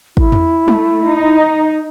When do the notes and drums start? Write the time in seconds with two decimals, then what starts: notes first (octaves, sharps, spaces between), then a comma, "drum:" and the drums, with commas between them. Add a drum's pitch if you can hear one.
0.17 E4, drum: kick
0.32 drum: tom E2
0.68 A3, drum: tom
1.11 D#4